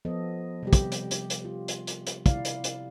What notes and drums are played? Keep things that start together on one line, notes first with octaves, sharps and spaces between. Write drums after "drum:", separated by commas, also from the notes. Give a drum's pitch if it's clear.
F3 B3 A4 D#5
C3 G3 G4
drum: kick, hi-hat
drum: hi-hat
drum: hi-hat
drum: hi-hat
F4
drum: hi-hat
drum: hi-hat
drum: hi-hat
C3 E4 D5 F5, drum: kick, hi-hat
drum: hi-hat
drum: hi-hat